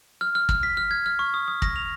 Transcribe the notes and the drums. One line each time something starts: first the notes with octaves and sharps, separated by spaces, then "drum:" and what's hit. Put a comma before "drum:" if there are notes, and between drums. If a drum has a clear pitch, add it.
F6
F6
F6, drum: kick
B6
F6
G#6
F6
C#6
D#6
D#6
A#6, drum: kick
F7